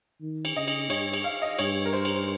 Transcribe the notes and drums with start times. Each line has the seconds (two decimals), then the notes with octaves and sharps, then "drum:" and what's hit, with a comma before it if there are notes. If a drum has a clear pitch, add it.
0.21 D#3
0.45 drum: cymbal
0.56 C#3 D#5
0.68 drum: cymbal
0.90 G2 C#5, drum: cymbal
1.13 drum: cymbal
1.24 F5
1.42 D#5
1.59 G2 C#5, drum: cymbal
1.86 A#4
1.93 C5
2.05 drum: cymbal